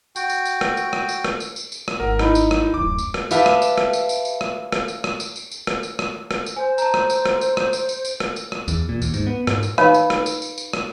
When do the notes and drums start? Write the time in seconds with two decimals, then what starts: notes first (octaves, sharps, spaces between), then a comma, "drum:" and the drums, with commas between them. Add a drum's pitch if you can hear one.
0.16 F#4 G5, drum: tambourine
0.30 drum: tambourine
0.45 drum: tambourine
0.61 drum: rim click
0.77 drum: tambourine
0.93 drum: rim click
1.09 drum: tambourine
1.24 drum: rim click
1.40 drum: tambourine
1.56 drum: tambourine
1.72 drum: tambourine
1.88 drum: rim click
2.00 G#1 A#4 F#5
2.19 D#4 E4 B5, drum: rim click
2.35 drum: tambourine
2.51 drum: rim click
2.74 D1 F#2 D6
2.98 drum: tambourine
3.14 drum: rim click
3.31 G4 B4 E5 F5 A5, drum: tambourine
3.46 drum: rim click
3.62 drum: tambourine
3.78 drum: rim click
3.93 drum: tambourine
4.09 drum: tambourine
4.25 drum: tambourine
4.41 drum: rim click
4.72 drum: rim click
4.88 drum: tambourine
5.04 drum: rim click
5.20 drum: tambourine
5.36 drum: tambourine
5.52 drum: tambourine
5.67 drum: rim click
5.83 drum: tambourine
5.99 drum: rim click
6.31 drum: rim click
6.46 drum: tambourine
6.57 C5 G#5
6.78 A5 A#5, drum: tambourine
6.94 drum: rim click
7.10 drum: tambourine
7.25 drum: rim click
7.41 drum: tambourine
7.57 drum: rim click
7.73 drum: tambourine
7.89 drum: tambourine
8.05 drum: tambourine
8.20 drum: rim click
8.36 drum: tambourine
8.52 drum: rim click
8.68 E2, drum: tambourine
8.89 A#2
9.02 D#2, drum: tambourine
9.14 G#2, drum: tambourine
9.27 B3
9.47 G#2, drum: rim click
9.63 drum: tambourine
9.78 D#4 B4 C#5 F5 B5, drum: rim click
9.94 drum: tambourine
10.10 drum: rim click
10.26 drum: tambourine
10.42 drum: tambourine
10.58 drum: tambourine
10.73 drum: rim click